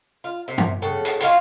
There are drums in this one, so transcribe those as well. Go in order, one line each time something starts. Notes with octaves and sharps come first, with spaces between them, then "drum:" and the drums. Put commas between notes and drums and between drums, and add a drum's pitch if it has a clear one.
F4
C3
drum: tom
C#3 A4 F#5 G5
drum: hi-hat
F4 F#4 F5 G#5, drum: hi-hat